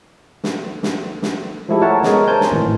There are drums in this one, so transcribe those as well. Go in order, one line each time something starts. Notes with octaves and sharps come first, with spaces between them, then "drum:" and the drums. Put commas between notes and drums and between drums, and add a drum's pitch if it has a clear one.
drum: snare
drum: snare
drum: snare
F3 G#3 A3 E4 G4 A4
A#4 C#5 E5 F#5 A5
G#3 B3 A#4 C#5 D#5, drum: snare
A#4 C5 G#5 A5 G6
drum: snare
G#1 A2 E3